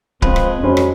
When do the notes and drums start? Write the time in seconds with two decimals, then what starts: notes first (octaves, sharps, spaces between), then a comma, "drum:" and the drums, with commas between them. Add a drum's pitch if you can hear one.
0.22 F3 G#3 C4 B4, drum: kick C#1
0.36 drum: rim click
0.63 F2 F#3 C#4 C5
0.77 drum: rim click